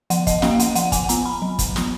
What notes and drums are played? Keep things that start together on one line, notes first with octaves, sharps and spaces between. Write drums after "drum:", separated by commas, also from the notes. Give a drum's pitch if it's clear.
F3 F#5, drum: hi-hat
D#5, drum: kick, hi-hat
A#3 C#4 F5, drum: snare
F#5, drum: hi-hat
F3 F#5, drum: hi-hat
G#5, drum: kick, hi-hat
B3 A#5, drum: hi-hat
B5
F#3
drum: kick, hi-hat
B3, drum: snare